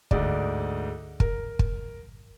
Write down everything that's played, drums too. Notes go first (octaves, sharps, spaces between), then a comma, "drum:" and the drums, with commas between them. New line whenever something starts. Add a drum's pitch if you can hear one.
D2 G#2 D5, drum: kick
A#4, drum: kick
drum: kick